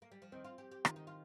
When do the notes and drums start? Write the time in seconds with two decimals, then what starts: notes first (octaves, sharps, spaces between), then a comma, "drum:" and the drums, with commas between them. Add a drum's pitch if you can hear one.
0.02 A#3
0.12 G3
0.22 F3
0.32 D#3 C4
0.44 F4
0.58 G4
0.71 G4
0.85 D#3 F4, drum: rim click
0.96 D#4
1.07 F4